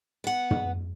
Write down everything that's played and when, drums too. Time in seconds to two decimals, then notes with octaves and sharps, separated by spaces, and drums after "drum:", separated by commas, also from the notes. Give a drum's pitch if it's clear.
0.24 B3 F#5
0.51 drum: tom